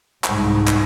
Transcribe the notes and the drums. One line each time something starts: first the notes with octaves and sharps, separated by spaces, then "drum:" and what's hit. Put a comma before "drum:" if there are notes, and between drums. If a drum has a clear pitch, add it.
C2 G#2, drum: clap
drum: clap